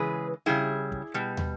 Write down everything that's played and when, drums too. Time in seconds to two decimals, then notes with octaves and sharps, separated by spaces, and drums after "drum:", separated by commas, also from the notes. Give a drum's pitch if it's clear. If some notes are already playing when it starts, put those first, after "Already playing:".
Already playing: C#3 E3 G#3 G#4 B4
0.46 C#3 G3 E4 G#4
0.92 drum: kick
1.14 B2 G3
1.37 drum: tom